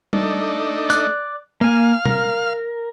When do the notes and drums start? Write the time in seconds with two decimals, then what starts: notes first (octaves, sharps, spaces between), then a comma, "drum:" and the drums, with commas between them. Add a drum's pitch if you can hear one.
0.13 A3 D4 D#4, drum: tom G3
0.90 D5 D6 F#6, drum: tambourine
1.61 A#3 F5 G#5 F6
2.05 A#4, drum: tom B2